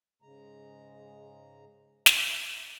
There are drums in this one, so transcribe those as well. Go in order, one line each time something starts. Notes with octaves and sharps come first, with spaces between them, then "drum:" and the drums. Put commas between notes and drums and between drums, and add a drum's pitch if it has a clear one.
G#2 C#3 G#3 A#5
E5, drum: snare